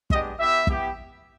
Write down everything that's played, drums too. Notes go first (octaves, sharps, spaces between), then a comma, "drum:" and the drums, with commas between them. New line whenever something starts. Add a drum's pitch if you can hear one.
G#3 B3 D4 G4 D#5, drum: kick
B3 E4 G4 E5
B3 E4 G4, drum: kick